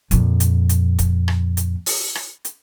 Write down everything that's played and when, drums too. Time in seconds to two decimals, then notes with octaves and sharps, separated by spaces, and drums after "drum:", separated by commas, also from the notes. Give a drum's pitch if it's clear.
0.11 F2 A#2, drum: hi-hat
0.40 drum: hi-hat
0.69 drum: hi-hat
0.99 drum: kick, hi-hat
1.28 drum: rim click
1.57 drum: hi-hat
1.86 drum: open hi-hat
2.15 drum: rim click
2.45 drum: hi-hat